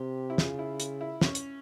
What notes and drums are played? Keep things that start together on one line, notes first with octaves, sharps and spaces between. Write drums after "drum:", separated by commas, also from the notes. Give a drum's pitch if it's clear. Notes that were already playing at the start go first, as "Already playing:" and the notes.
Already playing: C3 G4
E4
C#3 F4, drum: snare
E4
drum: hi-hat
E4
C#4, drum: snare
drum: hi-hat